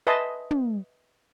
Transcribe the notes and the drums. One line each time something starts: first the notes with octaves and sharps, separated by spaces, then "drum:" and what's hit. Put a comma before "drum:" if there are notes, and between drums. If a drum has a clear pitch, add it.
B4 D#5 E5 G#5 A5 C6
drum: tom